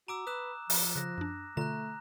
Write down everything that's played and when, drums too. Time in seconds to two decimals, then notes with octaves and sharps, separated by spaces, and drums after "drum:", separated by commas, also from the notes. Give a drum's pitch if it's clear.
0.08 F#4 A#5 D6 E6 D7
0.27 B4 D#6 F#6 E7
0.70 F3, drum: open hi-hat
0.96 C#3 F#6 A#6
1.18 F#2 D4
1.57 B2 D3 A3 F4 A#5 F#6